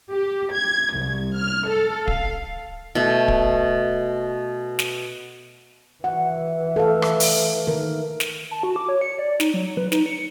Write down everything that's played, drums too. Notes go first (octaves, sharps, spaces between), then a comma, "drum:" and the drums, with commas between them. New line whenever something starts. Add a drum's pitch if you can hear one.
G4
G#6
C2
F6
A4
F5, drum: kick D1
B2 A3
drum: kick D1
drum: snare
E3 F#5
A4 F5
drum: rim click
drum: open hi-hat
D#3 A#4
drum: snare
A5
F#4
D6
C#5
C#7
D5
D#4, drum: snare
F#3
B4
D#4, drum: snare
C#7